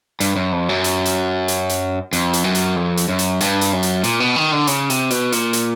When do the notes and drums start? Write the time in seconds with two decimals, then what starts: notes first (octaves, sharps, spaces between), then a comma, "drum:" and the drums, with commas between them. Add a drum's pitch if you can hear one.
0.20 G2, drum: hi-hat
0.36 F#2
0.52 F2
0.69 F#2
0.84 drum: hi-hat
1.05 drum: hi-hat
1.48 drum: hi-hat
1.69 drum: hi-hat
2.13 F2, drum: hi-hat
2.33 drum: hi-hat
2.44 F#2
2.55 drum: hi-hat
2.76 F2
2.97 drum: hi-hat
3.09 F#2
3.19 drum: hi-hat
3.40 G2, drum: hi-hat
3.61 drum: hi-hat
3.73 F#2
3.83 drum: hi-hat
4.04 A#2, drum: hi-hat
4.20 B2
4.36 D#3
4.52 D3
4.67 C#3, drum: hi-hat
4.90 C3, drum: hi-hat
5.10 B2, drum: hi-hat
5.32 A#2, drum: hi-hat
5.53 drum: hi-hat